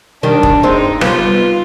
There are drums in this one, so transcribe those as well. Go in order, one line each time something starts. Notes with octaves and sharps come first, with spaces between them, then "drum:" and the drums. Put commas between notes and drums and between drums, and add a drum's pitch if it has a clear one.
D#3 G3 D4
drum: kick
G#3 C4 D#4
G3 B3 F4, drum: rim click